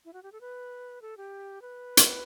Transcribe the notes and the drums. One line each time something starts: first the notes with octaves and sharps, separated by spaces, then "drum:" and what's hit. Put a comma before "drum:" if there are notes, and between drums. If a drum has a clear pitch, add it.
E4
F#4
G4
A4
B4
A4
G4
B4
drum: hi-hat